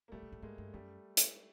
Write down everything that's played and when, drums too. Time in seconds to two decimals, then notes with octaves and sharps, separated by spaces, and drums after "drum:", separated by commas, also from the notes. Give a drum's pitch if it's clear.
0.08 A#3
0.12 A2 G3 A3
0.22 A#2
0.32 A2
0.42 G#2 G#3 A#3
0.58 G2
0.73 F#2 G3 A3
1.17 drum: hi-hat